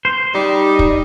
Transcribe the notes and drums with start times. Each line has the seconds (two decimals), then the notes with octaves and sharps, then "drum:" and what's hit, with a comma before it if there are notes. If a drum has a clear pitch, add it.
0.05 C5
0.35 G3 D#4
0.79 drum: kick